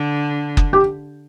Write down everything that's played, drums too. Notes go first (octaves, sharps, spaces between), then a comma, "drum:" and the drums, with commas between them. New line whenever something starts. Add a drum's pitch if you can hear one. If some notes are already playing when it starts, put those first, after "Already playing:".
Already playing: D3
drum: kick F#1
G4